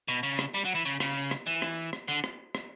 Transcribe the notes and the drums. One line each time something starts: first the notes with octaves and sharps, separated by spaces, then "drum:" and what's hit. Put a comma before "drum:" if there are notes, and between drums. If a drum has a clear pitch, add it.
B2
C#3
drum: rim click
G3
F#3
E3
C#3
C#3, drum: rim click
drum: rim click
E3
drum: rim click
drum: rim click
D3
drum: rim click
drum: rim click